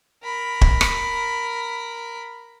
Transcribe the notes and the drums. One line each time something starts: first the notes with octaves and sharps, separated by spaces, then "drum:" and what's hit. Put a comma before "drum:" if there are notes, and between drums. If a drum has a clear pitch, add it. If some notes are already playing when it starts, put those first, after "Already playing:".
A#4 B5
drum: kick
drum: rim click